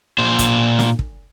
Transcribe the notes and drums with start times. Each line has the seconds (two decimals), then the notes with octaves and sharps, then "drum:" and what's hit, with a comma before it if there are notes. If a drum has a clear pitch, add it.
0.19 A#2 C5
0.39 drum: kick, hi-hat
0.79 drum: snare
0.99 drum: kick